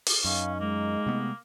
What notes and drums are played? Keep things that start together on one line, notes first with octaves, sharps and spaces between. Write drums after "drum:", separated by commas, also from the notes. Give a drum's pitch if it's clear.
drum: open hi-hat
F#2 C#4 D#4 F5
G#3 A#3
C3 A3 B3